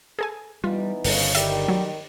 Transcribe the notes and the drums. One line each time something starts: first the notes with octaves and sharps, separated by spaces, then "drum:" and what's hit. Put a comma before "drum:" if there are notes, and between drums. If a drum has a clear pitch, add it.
G#4 A4 G#5
E3 G3 B3 D#4 F4
G1 G2 C#3, drum: open hi-hat
D#3 G3 E5, drum: hi-hat
F#3